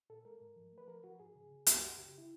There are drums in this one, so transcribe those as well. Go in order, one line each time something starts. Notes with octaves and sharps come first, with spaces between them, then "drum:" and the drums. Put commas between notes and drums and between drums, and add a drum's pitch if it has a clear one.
A#2 A4
G#3 A#4
G#2
F3
A3
B4
F3 A#4
F3 F#4
G#2 G#4
C#3
C#3
F#2 G4, drum: hi-hat
F#2 F#4
C#3 G4
E4